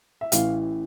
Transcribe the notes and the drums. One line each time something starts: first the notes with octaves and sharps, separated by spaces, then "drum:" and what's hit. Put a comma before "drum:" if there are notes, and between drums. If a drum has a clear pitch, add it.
E5
A1 A2 E3 F5, drum: hi-hat